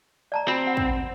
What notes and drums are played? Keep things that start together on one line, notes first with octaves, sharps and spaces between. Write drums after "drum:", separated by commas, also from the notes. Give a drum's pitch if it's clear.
D5 A5 A#5
C4 F#4 B5
F#5
drum: kick